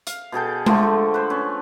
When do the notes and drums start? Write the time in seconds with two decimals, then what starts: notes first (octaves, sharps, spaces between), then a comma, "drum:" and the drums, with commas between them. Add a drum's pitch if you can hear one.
0.07 F5, drum: hi-hat
0.32 B2 G#4 A4 G5
0.66 D3 F3 A3, drum: tom G#3
1.14 B4 C5
1.30 C#4 B4